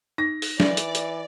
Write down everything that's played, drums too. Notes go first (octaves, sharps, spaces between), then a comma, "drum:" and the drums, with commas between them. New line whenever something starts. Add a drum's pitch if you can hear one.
D#4 A#6
drum: open hi-hat
E3 D5, drum: snare
drum: hi-hat
drum: hi-hat